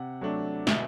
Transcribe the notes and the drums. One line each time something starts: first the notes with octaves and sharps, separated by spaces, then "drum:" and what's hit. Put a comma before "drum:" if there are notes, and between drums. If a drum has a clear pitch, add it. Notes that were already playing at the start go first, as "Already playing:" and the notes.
Already playing: C3 F#5
F#3 A3 D4
B2 E5, drum: snare